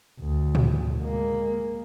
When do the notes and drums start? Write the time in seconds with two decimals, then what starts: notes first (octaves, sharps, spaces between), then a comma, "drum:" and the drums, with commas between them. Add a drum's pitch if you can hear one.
0.20 D2
0.55 drum: tom
1.00 G#3 A#3